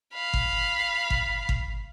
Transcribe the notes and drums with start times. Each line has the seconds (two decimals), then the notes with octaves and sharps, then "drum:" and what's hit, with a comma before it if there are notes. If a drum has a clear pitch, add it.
0.14 F5 B5
0.34 drum: kick G1
1.10 drum: kick G1
1.49 drum: kick G1